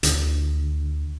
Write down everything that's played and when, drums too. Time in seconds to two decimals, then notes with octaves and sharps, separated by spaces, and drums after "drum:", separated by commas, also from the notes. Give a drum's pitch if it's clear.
0.03 D2, drum: hi-hat